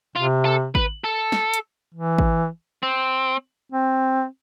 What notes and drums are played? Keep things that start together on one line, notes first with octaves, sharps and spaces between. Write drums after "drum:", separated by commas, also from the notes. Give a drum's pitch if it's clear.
C3 F4
A4
B4, drum: kick G#1
A4
drum: snare
drum: hi-hat
E3
drum: kick G#1
C4
C4